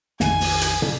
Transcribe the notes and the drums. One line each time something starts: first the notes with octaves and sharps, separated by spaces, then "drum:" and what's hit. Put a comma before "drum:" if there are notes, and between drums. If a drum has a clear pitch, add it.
A#1 F2 D#3 G#5, drum: snare
drum: open hi-hat
drum: hi-hat
drum: tom